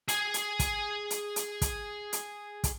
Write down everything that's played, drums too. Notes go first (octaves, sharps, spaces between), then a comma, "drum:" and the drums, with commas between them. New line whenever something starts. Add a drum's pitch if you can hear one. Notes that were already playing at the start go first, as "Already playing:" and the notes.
G#4 G#5, drum: hi-hat
drum: hi-hat
drum: kick, hi-hat
drum: hi-hat
drum: hi-hat
drum: kick, hi-hat
drum: hi-hat
drum: kick, hi-hat